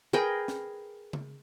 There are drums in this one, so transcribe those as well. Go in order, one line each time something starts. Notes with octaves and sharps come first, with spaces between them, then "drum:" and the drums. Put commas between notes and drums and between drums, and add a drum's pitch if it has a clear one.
G#4 A#4 B4 G5
drum: snare
drum: tom C#3